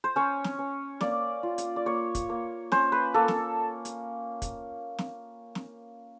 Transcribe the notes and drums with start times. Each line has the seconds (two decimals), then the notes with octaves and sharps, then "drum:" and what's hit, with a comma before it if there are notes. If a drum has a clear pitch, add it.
0.04 C5
0.16 C#4 C#5
0.44 drum: snare
0.59 C#4
1.01 A#3 D5, drum: snare
1.43 F4
1.58 drum: hi-hat
1.76 D5
1.86 A#3 C#5
2.15 drum: kick, hi-hat
2.29 A#3
2.72 C#4 C5, drum: snare
2.92 B4
3.14 A#3 A4
3.28 drum: snare
3.85 drum: hi-hat
4.42 drum: kick, hi-hat
4.98 drum: snare
5.55 drum: snare